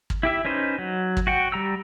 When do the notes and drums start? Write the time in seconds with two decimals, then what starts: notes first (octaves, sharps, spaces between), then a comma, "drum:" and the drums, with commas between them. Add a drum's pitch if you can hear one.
0.10 drum: kick
0.23 E4 G4 E5
0.45 C#4 D#4 B4 C5
0.79 F#3
1.17 drum: kick
1.27 F#4 F#5 G5
1.52 G3 A#5 E6